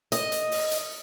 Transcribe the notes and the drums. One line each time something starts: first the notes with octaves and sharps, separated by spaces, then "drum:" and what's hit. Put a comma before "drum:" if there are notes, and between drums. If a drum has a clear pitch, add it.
D#5, drum: hi-hat
drum: hi-hat
drum: open hi-hat
drum: hi-hat